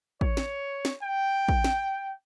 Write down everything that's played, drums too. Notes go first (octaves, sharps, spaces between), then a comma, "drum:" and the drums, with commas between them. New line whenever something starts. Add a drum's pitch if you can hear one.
C#5, drum: kick
drum: snare
drum: snare
G5
drum: kick
drum: snare